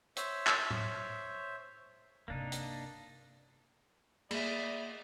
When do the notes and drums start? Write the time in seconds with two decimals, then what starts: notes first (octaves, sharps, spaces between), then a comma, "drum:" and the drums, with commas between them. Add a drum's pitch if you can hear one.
0.16 C5 C#5 E5, drum: hi-hat
0.47 drum: clap
0.71 drum: tom
2.28 G2 C3 A#3 D4 D#4
2.52 drum: hi-hat
4.31 A#3 G#4 D5 E5 B5, drum: cymbal